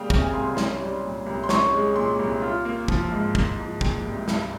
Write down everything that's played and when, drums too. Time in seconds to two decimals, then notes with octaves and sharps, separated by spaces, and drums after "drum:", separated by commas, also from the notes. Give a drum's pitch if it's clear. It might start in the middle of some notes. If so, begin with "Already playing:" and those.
Already playing: C#3 G3 G#3 A#3 F5 G5
0.10 C3 G5, drum: kick
0.21 G#5
0.33 C2 C6
0.45 C6
0.57 C#4, drum: snare
0.80 G3
1.02 A#2
1.26 C2
1.44 C6
1.49 C#4 C#6, drum: snare
1.73 G#3
1.95 A#2 C6
2.19 C2
2.42 F4
2.65 A#3
2.88 F3, drum: kick
3.12 G#2
3.35 A#3, drum: kick
3.59 F3
3.81 A#2 G5, drum: kick
4.05 C2
4.28 G2, drum: snare